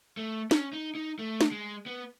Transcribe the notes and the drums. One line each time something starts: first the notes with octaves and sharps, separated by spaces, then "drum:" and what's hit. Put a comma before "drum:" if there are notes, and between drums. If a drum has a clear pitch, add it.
A3
C#4, drum: snare
D#4
D#4
A3
drum: snare
G#3
B3